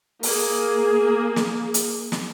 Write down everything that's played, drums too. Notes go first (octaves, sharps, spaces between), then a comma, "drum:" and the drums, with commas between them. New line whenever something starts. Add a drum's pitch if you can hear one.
A#3 G#4, drum: open hi-hat
drum: snare
drum: hi-hat
drum: snare